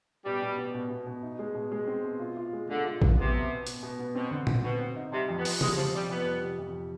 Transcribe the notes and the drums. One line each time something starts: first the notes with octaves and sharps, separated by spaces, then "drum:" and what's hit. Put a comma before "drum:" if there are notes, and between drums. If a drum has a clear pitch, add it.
B2 G3
B2
B3
B2
B2
B2
D#4
G#3
B2
G#3
C4
B2
F4
F4
G#3
D3 G#3
F4
B2, drum: kick A#1
C3 B3
B2
B2
B2, drum: hi-hat
B2
B3
B2 C4
D3
D3, drum: tom A#2
B2 C4
C4
D#4
C3 G3
F2
B3
F2, drum: open hi-hat
G3 G#3, drum: tom C#3
C3 F3
F2 G3
F2 B3
G3
C3
F2